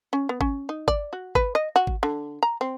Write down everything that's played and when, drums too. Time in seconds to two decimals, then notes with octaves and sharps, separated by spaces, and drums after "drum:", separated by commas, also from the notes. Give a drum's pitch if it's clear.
0.13 C#4
0.29 B3
0.41 C#4, drum: kick G#1
0.69 D#4
0.88 D5, drum: kick G#1
1.13 F#4
1.35 B4, drum: kick G#1
1.55 D#5
1.76 F#4
1.87 drum: kick G#1
2.03 D3
2.43 A#5
2.61 C4